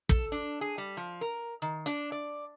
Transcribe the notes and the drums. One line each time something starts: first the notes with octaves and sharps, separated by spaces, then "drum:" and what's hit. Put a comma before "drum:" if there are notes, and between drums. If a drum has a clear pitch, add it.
A4, drum: kick
D4
G#4
G3
F3
A#4
D#3
D4, drum: hi-hat
D5